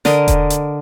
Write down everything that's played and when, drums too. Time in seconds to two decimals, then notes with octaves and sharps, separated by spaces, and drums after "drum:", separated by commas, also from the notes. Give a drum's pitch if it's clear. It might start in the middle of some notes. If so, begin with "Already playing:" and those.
0.05 D3 A#4 D#5, drum: snare
0.28 drum: kick E1, hi-hat
0.50 drum: hi-hat